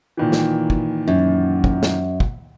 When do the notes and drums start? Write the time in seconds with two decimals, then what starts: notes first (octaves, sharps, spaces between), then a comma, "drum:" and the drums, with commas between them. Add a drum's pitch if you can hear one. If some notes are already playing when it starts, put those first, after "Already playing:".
0.17 A#2 D#3 E3
0.32 drum: snare
0.70 drum: kick
1.08 F#2
1.64 drum: kick
1.83 drum: snare
2.20 drum: kick